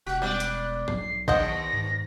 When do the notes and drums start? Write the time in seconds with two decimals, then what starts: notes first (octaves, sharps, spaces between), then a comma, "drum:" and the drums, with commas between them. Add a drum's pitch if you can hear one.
0.06 E1 F#4 F#6
0.22 G3 B3 D5
0.40 drum: hi-hat
0.88 B1 C7, drum: tom G#2
1.28 D#2 C5 D#5 F#5 A#6, drum: kick G#1
1.73 G#2